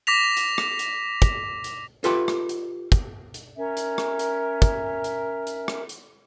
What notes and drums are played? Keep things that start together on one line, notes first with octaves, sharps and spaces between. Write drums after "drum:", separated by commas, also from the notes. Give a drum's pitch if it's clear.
D6 A#6 B6 F7
drum: hi-hat
drum: rim click
drum: hi-hat
drum: kick, hi-hat
drum: hi-hat
F4 G4 A4 B4 E5 G5, drum: hi-hat
drum: rim click
drum: hi-hat
drum: kick, hi-hat
drum: hi-hat
C#4 A#4 E5
drum: hi-hat
drum: rim click
drum: hi-hat
drum: kick, hi-hat
drum: hi-hat
drum: hi-hat
drum: rim click
drum: hi-hat